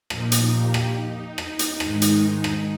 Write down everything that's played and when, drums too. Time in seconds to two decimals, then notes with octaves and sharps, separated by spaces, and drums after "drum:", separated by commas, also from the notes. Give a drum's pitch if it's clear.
0.10 A#2 F3 A#3 D#4, drum: rim click
0.32 drum: hi-hat
0.53 G4
0.74 drum: rim click
0.95 D#4
1.38 drum: rim click
1.59 drum: hi-hat
1.80 G#2 D#3 G#3, drum: rim click
2.02 drum: hi-hat
2.44 drum: rim click